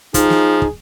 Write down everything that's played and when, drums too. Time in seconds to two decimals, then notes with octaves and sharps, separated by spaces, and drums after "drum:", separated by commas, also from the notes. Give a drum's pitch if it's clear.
0.14 F3 D#4 G#4, drum: kick, hi-hat
0.30 drum: snare
0.62 drum: kick